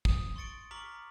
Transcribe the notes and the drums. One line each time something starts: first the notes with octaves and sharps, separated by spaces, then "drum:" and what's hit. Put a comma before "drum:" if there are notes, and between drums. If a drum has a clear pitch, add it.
D#6, drum: kick
C6 C#6 A6 C#7 D7
A#5 C#6 D6 F6 B6 F#7